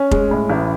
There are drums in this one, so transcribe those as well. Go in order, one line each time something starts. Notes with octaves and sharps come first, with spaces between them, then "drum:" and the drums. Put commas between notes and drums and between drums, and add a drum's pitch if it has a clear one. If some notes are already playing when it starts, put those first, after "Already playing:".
Already playing: C#4
G#3, drum: kick F1
A2
A1